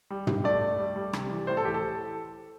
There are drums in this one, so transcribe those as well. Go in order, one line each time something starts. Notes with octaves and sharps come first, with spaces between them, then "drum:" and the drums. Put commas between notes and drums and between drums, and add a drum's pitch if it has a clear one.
G3
G3, drum: tom
A3 D5
A3
G3
G3
C3, drum: rim click
E3
A2 C5
A4
E3 G4
A4